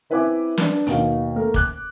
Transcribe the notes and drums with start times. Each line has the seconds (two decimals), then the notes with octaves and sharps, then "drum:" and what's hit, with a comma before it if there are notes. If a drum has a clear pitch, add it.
0.10 C4 E4 B4 E5 G#5 D6
0.57 D4 B4, drum: snare
0.86 D#2 B2 F5, drum: hi-hat
1.36 A3 A#3 A#4
1.54 D6 F#6, drum: kick